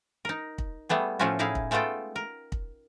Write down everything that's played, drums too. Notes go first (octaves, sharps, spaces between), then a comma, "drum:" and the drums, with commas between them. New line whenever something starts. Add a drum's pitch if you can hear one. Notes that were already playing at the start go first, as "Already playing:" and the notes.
D#4 A#4
drum: kick
G3 A3 B3 G#4
A2 F3 A3 C#4 F4 F#4
A2 D#4 E4 G#4 F5
drum: kick
G#3 A3 B3 F4 A4 G5
A#4
drum: kick